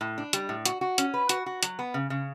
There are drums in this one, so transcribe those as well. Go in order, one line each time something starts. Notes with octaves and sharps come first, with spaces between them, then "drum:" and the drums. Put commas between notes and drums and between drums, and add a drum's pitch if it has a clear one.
A2
D4
G3, drum: hi-hat
A2
F#4, drum: hi-hat
F#4
C#4, drum: hi-hat
B4
F#4, drum: hi-hat
F#4
F#3, drum: hi-hat
B3
C#3
C#3